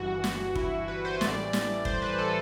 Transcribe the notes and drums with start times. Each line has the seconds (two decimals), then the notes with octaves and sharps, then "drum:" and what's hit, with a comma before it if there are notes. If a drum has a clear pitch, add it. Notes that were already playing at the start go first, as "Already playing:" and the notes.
Already playing: G1 G2 E3 F#4
0.24 drum: snare
0.55 E4, drum: kick
0.88 B4
1.05 C5
1.21 A1 A2 E3 G3 D5, drum: snare
1.53 drum: snare
1.85 C5, drum: kick
2.02 B4
2.18 A4